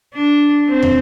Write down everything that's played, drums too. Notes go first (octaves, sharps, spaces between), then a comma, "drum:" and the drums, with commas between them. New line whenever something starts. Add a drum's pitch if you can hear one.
D4
C4
drum: tom